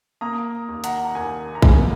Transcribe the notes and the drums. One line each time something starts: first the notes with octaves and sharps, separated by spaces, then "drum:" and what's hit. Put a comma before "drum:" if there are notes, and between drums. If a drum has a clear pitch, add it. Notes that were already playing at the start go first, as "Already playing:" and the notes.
A#3 A#5 D#6
D#2
F#5 A#5, drum: hi-hat
A#5
D#2 G#5
A#5
A#3 G#5, drum: kick A#1